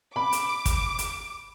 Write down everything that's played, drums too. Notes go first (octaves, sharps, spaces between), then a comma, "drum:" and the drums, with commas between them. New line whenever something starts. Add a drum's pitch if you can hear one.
B5 D6
drum: hi-hat
drum: kick, hi-hat
drum: hi-hat